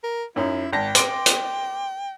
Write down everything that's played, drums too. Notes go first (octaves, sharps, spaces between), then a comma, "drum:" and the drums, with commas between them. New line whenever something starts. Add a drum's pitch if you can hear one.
A#4
F#2 C#4 D#4 E4
G#1 G5 A5 A#6
C6 D6 D7, drum: hi-hat
drum: hi-hat